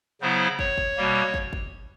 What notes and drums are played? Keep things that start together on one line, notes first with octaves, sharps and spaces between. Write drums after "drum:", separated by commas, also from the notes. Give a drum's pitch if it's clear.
C#3 F#3 B3 E4 C5
C#5, drum: kick
drum: kick
B2 G3 A#3
drum: kick
drum: kick